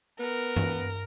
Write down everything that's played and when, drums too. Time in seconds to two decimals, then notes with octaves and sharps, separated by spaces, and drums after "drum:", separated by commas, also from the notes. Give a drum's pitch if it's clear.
0.20 B3 A#4
0.56 drum: tom G2